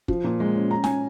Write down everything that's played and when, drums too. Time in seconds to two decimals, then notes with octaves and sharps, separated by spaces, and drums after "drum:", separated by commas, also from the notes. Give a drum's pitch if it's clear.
0.08 F3, drum: kick
0.24 A#2
0.40 G#3
0.55 C#4
0.71 C#4 A#5
0.84 C#4 G#5, drum: snare